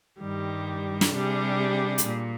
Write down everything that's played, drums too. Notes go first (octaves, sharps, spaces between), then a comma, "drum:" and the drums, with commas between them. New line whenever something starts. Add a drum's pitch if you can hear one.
G2 D#3 G3
drum: snare
C3 G3 D4 G#4
drum: hi-hat
A#2